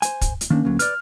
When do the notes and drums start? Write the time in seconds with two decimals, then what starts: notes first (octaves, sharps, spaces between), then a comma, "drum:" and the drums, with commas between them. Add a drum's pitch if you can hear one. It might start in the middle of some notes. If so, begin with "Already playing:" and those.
0.02 C5 G#5, drum: hi-hat
0.21 drum: kick, hi-hat
0.41 drum: hi-hat
0.50 D#3 A#3 C#4 D4
0.65 D2 F#3
0.79 B4 D5 F6, drum: hi-hat